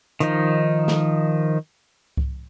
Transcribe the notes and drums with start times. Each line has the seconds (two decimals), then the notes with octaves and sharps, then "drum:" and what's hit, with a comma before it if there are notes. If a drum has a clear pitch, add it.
0.20 D#3 F3 D#4, drum: hi-hat
0.88 drum: snare
2.17 drum: kick C2